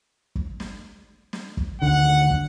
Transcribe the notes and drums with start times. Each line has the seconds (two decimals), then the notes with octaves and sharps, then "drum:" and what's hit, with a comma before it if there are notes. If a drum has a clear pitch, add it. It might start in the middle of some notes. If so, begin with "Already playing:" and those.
0.35 drum: kick
0.60 drum: snare
1.33 drum: snare
1.57 drum: kick
1.82 D2 D3 D#3 F#5
2.30 drum: kick